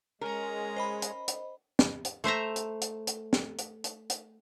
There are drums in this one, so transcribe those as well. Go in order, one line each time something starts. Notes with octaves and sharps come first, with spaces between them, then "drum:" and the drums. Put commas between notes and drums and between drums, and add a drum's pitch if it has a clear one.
G#3 C#4 A#4 A#5
C5 D#5 B5
drum: hi-hat
drum: hi-hat
drum: snare
drum: hi-hat
A3 C5 E5 A#5
drum: hi-hat
drum: hi-hat
drum: hi-hat
drum: snare
drum: hi-hat
drum: hi-hat
drum: hi-hat